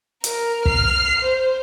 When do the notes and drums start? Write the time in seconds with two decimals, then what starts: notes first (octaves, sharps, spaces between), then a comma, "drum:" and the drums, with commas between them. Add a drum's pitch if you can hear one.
0.24 A#4, drum: hi-hat
0.65 F6 C7, drum: kick
1.21 C5